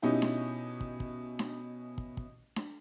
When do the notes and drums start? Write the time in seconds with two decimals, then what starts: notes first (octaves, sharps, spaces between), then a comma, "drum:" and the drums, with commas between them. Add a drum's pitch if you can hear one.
0.02 B2 C#4 D#4 E4 G4
0.22 drum: snare D4
0.81 drum: kick
1.00 drum: kick
1.39 drum: snare D4
1.98 drum: kick
2.17 drum: kick
2.56 drum: snare D4